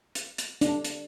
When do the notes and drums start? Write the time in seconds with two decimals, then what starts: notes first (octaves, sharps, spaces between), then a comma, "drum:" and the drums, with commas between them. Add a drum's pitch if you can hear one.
0.15 drum: hi-hat
0.38 drum: hi-hat
0.61 D4, drum: hi-hat
0.85 drum: hi-hat